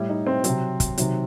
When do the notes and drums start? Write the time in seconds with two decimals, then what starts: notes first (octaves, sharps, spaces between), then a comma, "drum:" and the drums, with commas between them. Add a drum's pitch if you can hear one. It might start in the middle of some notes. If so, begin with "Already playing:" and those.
Already playing: A2 G3 E4
0.09 D#4
0.27 C4
0.44 C3 F#3 C4, drum: hi-hat
0.80 drum: kick, hi-hat
0.98 C3 D#3 F#3, drum: hi-hat